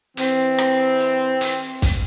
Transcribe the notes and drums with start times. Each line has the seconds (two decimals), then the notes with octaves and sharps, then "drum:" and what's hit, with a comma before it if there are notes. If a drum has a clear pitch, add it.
0.17 E3 C4, drum: hi-hat
0.58 drum: rim click
1.00 drum: open hi-hat
1.41 drum: hi-hat
1.82 drum: kick, hi-hat